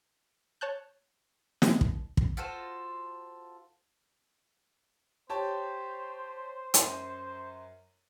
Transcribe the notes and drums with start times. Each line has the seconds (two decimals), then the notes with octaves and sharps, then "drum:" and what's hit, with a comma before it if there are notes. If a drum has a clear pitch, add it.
0.61 C#5 A5 F#6 G6
1.62 drum: snare
1.81 drum: kick
2.17 drum: kick
2.37 F4 F#4 A4 C5
5.30 G4 C5 C#5 A5
6.74 F#2 D#7, drum: hi-hat